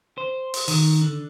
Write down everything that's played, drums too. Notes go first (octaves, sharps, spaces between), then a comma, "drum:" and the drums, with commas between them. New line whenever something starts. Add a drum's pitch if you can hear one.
C5
drum: open hi-hat
D#3, drum: open hi-hat
D3